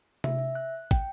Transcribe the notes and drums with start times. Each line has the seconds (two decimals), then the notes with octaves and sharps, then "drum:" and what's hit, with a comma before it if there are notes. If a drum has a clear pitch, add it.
0.24 E5, drum: tom C3
0.39 E5
0.55 F#6
0.91 G5, drum: kick, hi-hat